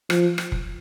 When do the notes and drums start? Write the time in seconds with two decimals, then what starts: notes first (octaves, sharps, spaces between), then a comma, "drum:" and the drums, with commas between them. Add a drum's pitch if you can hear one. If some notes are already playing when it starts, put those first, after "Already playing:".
0.10 F3, drum: rim click
0.38 drum: rim click
0.52 drum: kick F1